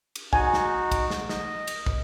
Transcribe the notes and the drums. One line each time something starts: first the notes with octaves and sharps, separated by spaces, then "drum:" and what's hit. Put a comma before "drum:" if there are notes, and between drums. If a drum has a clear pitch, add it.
drum: cymbal
D#4 F#4 G#5, drum: kick
drum: snare
drum: kick, cymbal
drum: snare
D#5, drum: snare
drum: cymbal
drum: kick